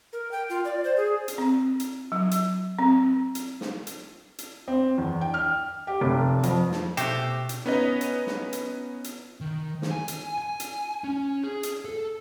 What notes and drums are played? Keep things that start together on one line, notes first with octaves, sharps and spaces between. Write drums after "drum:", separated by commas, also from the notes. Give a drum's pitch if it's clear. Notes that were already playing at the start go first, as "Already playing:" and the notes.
A#4
G5
F4
D5
C5
G#4
drum: hi-hat
C4
drum: hi-hat
F#3
drum: hi-hat
C4
drum: hi-hat
drum: snare
drum: hi-hat
drum: hi-hat
C4
E2
G5
F6
G4
F1
F2, drum: hi-hat
drum: snare
B2 A3 F#4 G4 C5 E5, drum: hi-hat
drum: hi-hat
B3 C#4 D#4 B4 D#5
drum: hi-hat
drum: snare
drum: hi-hat
drum: hi-hat
D#3
drum: snare
G#5
drum: hi-hat
G#5
drum: hi-hat
C#4
G#4
drum: hi-hat
A4